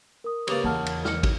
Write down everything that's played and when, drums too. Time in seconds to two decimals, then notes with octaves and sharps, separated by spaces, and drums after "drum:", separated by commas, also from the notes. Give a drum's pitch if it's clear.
0.24 A#4 D#6
0.47 C#3 A#3 G4 B4 D5 F7, drum: cymbal
0.64 E2 F#5 A5 F6
0.86 drum: cymbal
1.05 F6 C#7, drum: snare
1.23 drum: kick, cymbal